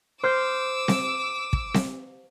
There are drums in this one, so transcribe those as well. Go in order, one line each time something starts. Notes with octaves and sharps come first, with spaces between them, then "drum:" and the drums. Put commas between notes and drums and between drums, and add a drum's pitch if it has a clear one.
C5 D6 E6 F6 G6
drum: snare C4
drum: kick
drum: snare C4